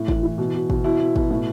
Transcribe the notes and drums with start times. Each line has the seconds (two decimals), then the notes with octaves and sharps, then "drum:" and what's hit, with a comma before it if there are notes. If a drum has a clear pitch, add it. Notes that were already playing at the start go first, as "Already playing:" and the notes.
Already playing: A2
0.08 E3, drum: kick
0.23 E3
0.38 B2
0.54 B2
0.70 B2, drum: kick
0.84 B2 E4
1.00 B2
1.16 B2, drum: kick
1.30 A2